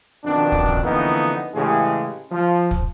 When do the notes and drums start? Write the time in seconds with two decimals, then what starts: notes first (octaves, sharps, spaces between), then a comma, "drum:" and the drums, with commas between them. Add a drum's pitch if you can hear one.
0.25 F2 B2 D#3 D4
0.52 drum: kick
0.66 drum: kick
0.83 F2 D3 E3 A#3 B3 D#4
1.54 A2 C#3 E3 G#3 G4 G#4
2.31 F3
2.71 drum: kick